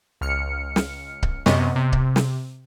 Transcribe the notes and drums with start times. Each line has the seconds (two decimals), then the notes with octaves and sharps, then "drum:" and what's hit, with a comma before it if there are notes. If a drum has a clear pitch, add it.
0.21 C#2 F6 C#7
0.76 drum: snare
1.23 drum: kick C#1
1.46 F#2 C3 B3 C#5 D#5 C#6, drum: snare
1.76 C3
1.92 drum: kick C#1
2.16 drum: snare